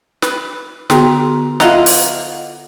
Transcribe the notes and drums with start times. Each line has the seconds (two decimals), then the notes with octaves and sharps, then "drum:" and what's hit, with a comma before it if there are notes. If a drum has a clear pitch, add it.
0.22 B4, drum: snare
0.90 D3 B3 F#4 G#4 A#4 G5 C6, drum: snare
1.60 E4 F4 A4 D#5 F#5 A#5, drum: snare
1.86 drum: open hi-hat